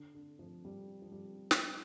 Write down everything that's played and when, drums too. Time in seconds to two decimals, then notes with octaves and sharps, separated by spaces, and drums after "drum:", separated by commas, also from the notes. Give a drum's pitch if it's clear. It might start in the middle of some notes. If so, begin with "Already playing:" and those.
Already playing: D3
0.15 D3
0.39 F3
0.65 G3
1.02 F3
1.12 G3
1.51 drum: snare